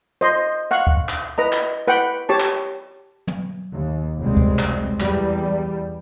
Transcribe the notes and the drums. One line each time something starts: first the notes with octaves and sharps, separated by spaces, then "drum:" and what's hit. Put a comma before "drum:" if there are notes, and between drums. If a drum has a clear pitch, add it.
C5 D#5 C6
F5 F#5 C#6
drum: kick D2
drum: clap
B4 D#5 A#5
drum: clap
B4 F#5 G5
G4 C#5 A5
drum: clap
drum: tom
D#2
F1 C#2 B2 G3 G#3 C4
drum: kick D2
drum: clap
E2 G3, drum: clap